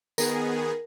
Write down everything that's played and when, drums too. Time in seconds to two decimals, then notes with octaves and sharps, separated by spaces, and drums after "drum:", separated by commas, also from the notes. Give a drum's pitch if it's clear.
0.18 D#3 B3 G#4 A#4, drum: tambourine